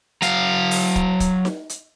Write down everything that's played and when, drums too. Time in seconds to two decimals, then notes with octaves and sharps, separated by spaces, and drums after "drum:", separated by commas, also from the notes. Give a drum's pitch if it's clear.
0.22 F#3 F5, drum: hi-hat
0.71 drum: open hi-hat
0.96 drum: kick
1.20 drum: kick, hi-hat
1.45 drum: snare D#4
1.69 drum: hi-hat